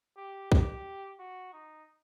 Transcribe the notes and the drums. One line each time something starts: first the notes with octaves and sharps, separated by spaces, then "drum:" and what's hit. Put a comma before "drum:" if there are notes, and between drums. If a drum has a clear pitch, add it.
G4
G4, drum: kick
F#4
D#4